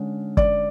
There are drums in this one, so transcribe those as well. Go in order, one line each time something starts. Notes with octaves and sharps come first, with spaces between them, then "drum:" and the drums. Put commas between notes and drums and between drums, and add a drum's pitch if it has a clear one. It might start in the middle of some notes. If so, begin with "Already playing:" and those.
Already playing: D3 G#3 C#4
D5, drum: kick